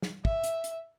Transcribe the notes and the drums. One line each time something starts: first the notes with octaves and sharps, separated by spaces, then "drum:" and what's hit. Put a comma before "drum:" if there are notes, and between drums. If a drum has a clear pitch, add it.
drum: snare
E5, drum: kick
drum: hi-hat
drum: hi-hat